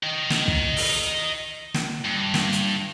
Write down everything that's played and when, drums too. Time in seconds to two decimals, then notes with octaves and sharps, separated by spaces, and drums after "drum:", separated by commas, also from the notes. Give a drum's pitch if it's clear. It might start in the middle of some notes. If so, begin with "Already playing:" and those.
0.03 D#5 G5
0.30 drum: snare
0.48 drum: kick
0.77 drum: open hi-hat
1.74 drum: snare
2.05 G2
2.34 drum: snare
2.52 drum: hi-hat